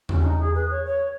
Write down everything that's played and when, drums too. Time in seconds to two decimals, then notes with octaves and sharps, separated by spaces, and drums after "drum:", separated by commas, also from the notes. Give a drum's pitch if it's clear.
0.09 C#4, drum: tom E2
0.20 C#4
0.25 D#4
0.40 G#4
0.55 B4
0.70 C#5
0.85 C#5